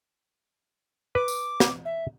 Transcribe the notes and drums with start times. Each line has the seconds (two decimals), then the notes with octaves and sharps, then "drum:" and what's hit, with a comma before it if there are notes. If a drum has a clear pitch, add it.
1.15 B4 D6
1.28 drum: tambourine
1.60 drum: snare
1.85 E5